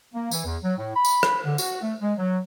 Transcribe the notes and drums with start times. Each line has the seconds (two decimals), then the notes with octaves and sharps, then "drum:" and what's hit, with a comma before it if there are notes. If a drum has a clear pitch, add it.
0.13 A#3
0.31 E3, drum: tambourine
0.45 E2
0.63 F#3
0.77 A2
0.94 B5
1.05 drum: tambourine
1.23 drum: rim click
1.45 D3
1.58 F#4, drum: tambourine
1.81 A3
2.01 G#3
2.18 F#3